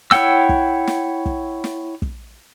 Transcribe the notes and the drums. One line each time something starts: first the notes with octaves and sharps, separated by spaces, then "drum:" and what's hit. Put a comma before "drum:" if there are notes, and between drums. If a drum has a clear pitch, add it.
E4 C#5 F#5 G5 E6, drum: snare
drum: kick
drum: snare
drum: kick
drum: snare
drum: kick